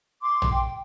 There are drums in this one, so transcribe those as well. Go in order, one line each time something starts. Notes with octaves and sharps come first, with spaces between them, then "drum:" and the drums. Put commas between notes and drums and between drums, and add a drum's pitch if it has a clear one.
C6 D6
drum: tom A#1
G5